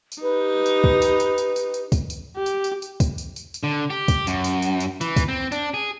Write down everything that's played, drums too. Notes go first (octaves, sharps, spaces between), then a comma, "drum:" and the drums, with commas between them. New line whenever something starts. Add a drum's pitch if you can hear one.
drum: tambourine
D#4 G4 B4
drum: tambourine
drum: kick
drum: tambourine
drum: tambourine
drum: tambourine
drum: tambourine
drum: tambourine
drum: kick, tambourine
drum: tambourine
G4
drum: tambourine
drum: tambourine
drum: tambourine
drum: kick, tambourine
drum: tambourine
drum: tambourine
drum: tambourine
D3
G4
drum: kick, tambourine
F#2, drum: tambourine
drum: tambourine
drum: tambourine
drum: tambourine
E3, drum: tambourine
drum: kick, tambourine
C4
D4, drum: tambourine
G#4